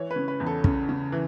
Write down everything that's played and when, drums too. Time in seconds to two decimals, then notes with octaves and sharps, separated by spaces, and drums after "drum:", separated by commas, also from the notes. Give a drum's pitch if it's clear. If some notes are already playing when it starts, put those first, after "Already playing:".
Already playing: E3 C#5
0.11 B4
0.16 C#3
0.28 B4
0.40 E2
0.47 A4
0.64 C#3, drum: kick
0.89 C#3
1.12 E3